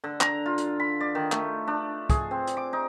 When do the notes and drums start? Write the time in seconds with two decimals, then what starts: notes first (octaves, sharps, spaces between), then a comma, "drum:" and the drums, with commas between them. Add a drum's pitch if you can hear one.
0.04 D3
0.21 A#5, drum: clap
0.46 F4
0.58 drum: hi-hat
0.80 B5
1.00 D5
1.15 D#3
1.32 A3, drum: clap
1.67 D4
2.10 G#4, drum: kick, hi-hat
2.31 C4
2.47 drum: hi-hat
2.57 D6
2.73 D#4